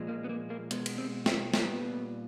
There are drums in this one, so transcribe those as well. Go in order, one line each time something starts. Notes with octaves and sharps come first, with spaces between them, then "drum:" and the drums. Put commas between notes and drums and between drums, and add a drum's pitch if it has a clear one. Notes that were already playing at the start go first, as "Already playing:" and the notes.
Already playing: A#2 F3 G#3
A#3
B3
A#3
A#3
B2 G#3 B3, drum: hi-hat
drum: cymbal
C4
C4, drum: snare
A#2 G3 B3, drum: snare